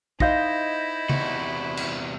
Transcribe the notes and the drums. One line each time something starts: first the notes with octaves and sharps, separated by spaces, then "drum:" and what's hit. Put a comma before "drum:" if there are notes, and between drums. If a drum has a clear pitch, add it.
D#4 E4 C5 D#5 F5 G6 A#6, drum: kick
E2 C3 F#4, drum: tom C#3
drum: cymbal